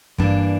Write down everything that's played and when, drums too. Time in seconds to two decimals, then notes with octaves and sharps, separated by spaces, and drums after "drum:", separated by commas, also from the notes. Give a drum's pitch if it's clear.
0.18 G2 E3 A#3 D4, drum: kick